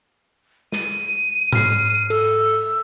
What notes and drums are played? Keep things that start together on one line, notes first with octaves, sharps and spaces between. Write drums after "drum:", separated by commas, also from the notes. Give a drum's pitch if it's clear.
D#7, drum: snare
F6 C7, drum: tom G#2
A4 E6, drum: cymbal